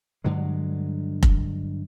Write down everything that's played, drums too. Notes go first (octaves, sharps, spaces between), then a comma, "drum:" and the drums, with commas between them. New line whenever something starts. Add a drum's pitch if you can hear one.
G2 D3 F#3 G#3
drum: kick F1